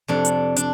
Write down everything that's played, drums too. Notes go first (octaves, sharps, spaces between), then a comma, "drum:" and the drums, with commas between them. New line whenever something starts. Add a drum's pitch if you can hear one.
F2 C3 D4
drum: hi-hat
D4, drum: hi-hat